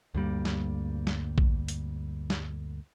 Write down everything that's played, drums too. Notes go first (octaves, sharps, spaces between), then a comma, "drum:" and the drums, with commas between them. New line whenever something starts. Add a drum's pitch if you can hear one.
D2 G2 G3 A#3
drum: snare
drum: snare
drum: kick A#1
drum: hi-hat
drum: snare